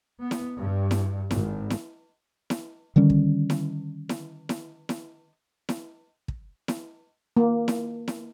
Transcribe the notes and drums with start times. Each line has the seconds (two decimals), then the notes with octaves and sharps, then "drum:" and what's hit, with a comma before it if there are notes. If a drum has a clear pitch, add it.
0.21 B3
0.31 drum: snare E4
0.58 G2
0.91 drum: snare E4
1.31 G#1, drum: snare E4
1.70 drum: snare E4
2.50 drum: snare E4
2.96 D3 D#3 G3 C#4
3.10 drum: kick
3.50 drum: snare E4
4.09 drum: snare E4
4.49 drum: snare E4
4.89 drum: snare E4
5.69 drum: snare E4
6.28 drum: kick
6.68 drum: snare E4
7.37 A#3
7.68 drum: snare E4
8.08 drum: snare E4